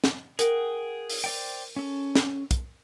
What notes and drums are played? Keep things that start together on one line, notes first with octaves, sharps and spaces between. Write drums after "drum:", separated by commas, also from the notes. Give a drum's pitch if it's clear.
drum: snare
G#4 A#4 F#5 G5, drum: hi-hat
drum: open hi-hat
C5 D5 G5
C#4 A4
drum: snare
drum: kick, hi-hat